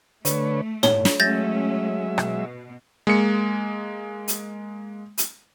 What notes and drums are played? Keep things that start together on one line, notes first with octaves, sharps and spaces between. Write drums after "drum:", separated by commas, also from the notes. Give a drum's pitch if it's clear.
D3 A3 B4 C#5, drum: hi-hat
A2 C#5 G7, drum: tom
drum: snare
F#3 G#3 A3 C#4 E5 G6 A6 A#6
B2, drum: rim click
G#3 A#3 C#7
drum: hi-hat
drum: hi-hat